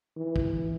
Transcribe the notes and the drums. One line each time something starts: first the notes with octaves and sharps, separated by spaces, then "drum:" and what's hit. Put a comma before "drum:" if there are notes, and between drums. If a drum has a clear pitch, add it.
E3
drum: kick